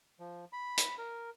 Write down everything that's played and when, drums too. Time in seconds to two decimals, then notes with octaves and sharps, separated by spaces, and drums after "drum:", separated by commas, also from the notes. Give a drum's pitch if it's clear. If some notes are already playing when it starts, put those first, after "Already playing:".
0.20 F3
0.53 B5
0.77 drum: hi-hat
0.98 A#4